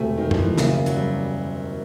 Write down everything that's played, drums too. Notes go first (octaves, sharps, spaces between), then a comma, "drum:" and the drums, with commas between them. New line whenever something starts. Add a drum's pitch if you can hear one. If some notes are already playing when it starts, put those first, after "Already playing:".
Already playing: E1 D2 C3 A3
D#3
F3, drum: tom F#2
E3
F#1 F#2 C#3, drum: snare
F#3, drum: hi-hat
G3